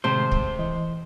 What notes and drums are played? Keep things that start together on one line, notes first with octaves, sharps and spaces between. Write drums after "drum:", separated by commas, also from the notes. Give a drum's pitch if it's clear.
A2 C3 D#3 G#3 A3 C5
drum: kick
E3 D#5